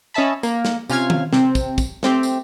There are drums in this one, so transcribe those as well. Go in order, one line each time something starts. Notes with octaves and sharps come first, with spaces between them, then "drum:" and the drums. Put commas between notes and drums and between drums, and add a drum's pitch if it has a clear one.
C#4 D#5 E5 A5 B5
A#3, drum: tambourine
drum: snare
C3 C#4 F4 F5 F6 G#6, drum: tambourine
drum: tom D#3
C3 C4, drum: snare
drum: kick, tambourine
drum: kick, tambourine
A3 C4 G4, drum: snare
drum: tambourine